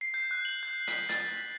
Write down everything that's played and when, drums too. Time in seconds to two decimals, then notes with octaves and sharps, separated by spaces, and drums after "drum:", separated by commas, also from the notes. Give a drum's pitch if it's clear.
0.01 C7
0.14 G6
0.31 F#6
0.45 F#7
0.63 G6
0.87 B6, drum: hi-hat
1.09 A6, drum: hi-hat
1.34 B6